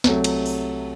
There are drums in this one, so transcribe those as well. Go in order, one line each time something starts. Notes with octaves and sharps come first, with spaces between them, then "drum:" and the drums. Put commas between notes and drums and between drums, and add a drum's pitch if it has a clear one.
C2 C3 F#3 A3, drum: snare
drum: cymbal
drum: open hi-hat